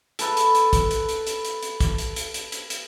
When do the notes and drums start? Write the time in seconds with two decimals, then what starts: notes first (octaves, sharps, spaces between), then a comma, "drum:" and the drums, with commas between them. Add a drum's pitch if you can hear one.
0.19 A4 B4, drum: hi-hat
0.37 drum: hi-hat
0.55 drum: hi-hat
0.73 drum: kick, hi-hat
0.91 drum: hi-hat
1.09 drum: hi-hat
1.27 drum: hi-hat
1.45 drum: hi-hat
1.63 drum: hi-hat
1.80 drum: kick, hi-hat
1.98 drum: hi-hat
2.16 drum: hi-hat
2.34 drum: hi-hat
2.52 drum: hi-hat
2.70 drum: hi-hat